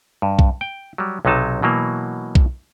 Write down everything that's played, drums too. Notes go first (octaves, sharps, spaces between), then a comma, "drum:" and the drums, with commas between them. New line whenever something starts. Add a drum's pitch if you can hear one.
G2
drum: kick B1
G5
F#3 G3
B1 C3 F#3 D#4 A5
B2 E3 F#3 A#3
drum: kick B1